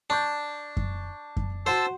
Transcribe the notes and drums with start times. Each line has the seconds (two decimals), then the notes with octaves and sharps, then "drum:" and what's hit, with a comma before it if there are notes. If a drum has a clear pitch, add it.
0.10 D4 A5 C#6 G6
0.77 drum: kick F#2
1.37 drum: kick F#2
1.66 F#4 C5 F#5 A5 C6 E6